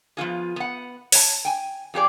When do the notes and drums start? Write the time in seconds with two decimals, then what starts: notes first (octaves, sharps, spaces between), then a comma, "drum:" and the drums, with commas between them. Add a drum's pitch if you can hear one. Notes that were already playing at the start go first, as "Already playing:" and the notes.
0.17 F3 B3 F4 G#4
0.56 B3 F#5
1.12 C#5 A5, drum: open hi-hat
1.45 G5 G#5
1.94 F2 G4 G#4 D5